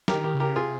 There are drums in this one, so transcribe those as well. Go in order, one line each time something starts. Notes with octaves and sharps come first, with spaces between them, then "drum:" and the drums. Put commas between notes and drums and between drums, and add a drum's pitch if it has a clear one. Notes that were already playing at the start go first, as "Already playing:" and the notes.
D#3 G4 A#4, drum: snare
G4 A#4
C#3
G4 A#4
C3 F4 G#4